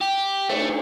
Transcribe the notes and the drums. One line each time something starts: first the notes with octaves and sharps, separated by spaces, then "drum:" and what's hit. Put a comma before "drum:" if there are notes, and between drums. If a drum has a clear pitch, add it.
G4
A3, drum: cymbal